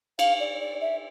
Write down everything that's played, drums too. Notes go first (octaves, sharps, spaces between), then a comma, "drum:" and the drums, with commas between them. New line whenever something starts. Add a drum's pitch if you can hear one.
F5, drum: cymbal
D5
D5
E5